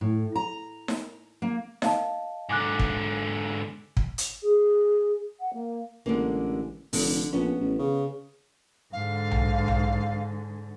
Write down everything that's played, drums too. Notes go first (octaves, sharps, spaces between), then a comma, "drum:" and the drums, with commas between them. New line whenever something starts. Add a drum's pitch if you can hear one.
A2
A#5
drum: snare D#4
A#3
D#5 F5 A5, drum: snare D#4
G#2 D3 G#5 D6 F#6
drum: kick
drum: kick
drum: hi-hat
G#4
F#5
A#3
A1 D3 G#3 A#3
F1 D3, drum: open hi-hat
A#1 B3 C#4
A1
C#3
G#2 D3 F5
drum: tom B1
drum: tom B1